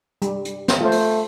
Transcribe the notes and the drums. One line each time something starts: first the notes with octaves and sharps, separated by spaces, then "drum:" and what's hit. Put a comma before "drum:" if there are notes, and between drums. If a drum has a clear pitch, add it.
G3, drum: hi-hat
drum: hi-hat
drum: snare
A3 F4 C5
drum: open hi-hat